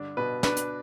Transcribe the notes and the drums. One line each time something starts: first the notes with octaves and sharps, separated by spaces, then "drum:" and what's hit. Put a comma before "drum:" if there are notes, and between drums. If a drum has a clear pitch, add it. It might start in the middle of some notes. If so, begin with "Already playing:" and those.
Already playing: G2 D3 D4
B2 B4
D4 B4, drum: snare
drum: hi-hat